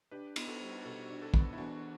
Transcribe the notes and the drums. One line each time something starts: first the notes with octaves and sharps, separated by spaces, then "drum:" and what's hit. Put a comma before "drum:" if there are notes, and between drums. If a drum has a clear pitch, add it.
D4 G4 B4
B3, drum: cymbal
F#4 A4
G3
B2 F#4 A4
D4
F#4 A4
B3, drum: kick
E4
E2 D4 F#4